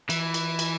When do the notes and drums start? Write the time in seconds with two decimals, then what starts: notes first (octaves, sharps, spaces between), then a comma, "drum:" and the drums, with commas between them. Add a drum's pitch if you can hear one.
0.10 E3, drum: cymbal
0.34 drum: cymbal
0.59 drum: cymbal